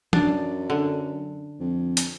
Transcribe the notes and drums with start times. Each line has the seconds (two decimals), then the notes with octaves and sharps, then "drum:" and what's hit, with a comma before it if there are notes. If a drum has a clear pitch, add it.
0.13 F#2 D4, drum: tom
0.70 D3
1.60 F2
1.97 drum: hi-hat